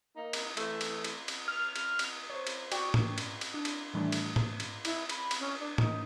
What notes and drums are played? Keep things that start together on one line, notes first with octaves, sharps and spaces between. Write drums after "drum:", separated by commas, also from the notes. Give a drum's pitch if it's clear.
A#3 D#4
drum: cymbal
E3 A3, drum: cymbal
drum: cymbal
drum: cymbal
drum: cymbal
F6
drum: cymbal
drum: cymbal
C5 C#5
drum: cymbal
F#4 D5 G5 C#6, drum: cymbal
drum: tom G#2
drum: cymbal
drum: cymbal
D4
drum: cymbal
A2 D#3 E3 G3 A3 D4
drum: cymbal
drum: tom G#2
drum: cymbal
E4, drum: cymbal
B5, drum: cymbal
drum: cymbal
C#4
D4
D#4, drum: tom G#2